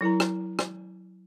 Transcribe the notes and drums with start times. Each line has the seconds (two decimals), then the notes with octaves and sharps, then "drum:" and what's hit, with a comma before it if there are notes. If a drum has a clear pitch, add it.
0.01 F#3 E4 A#4 A#5
0.20 drum: rim click
0.59 drum: rim click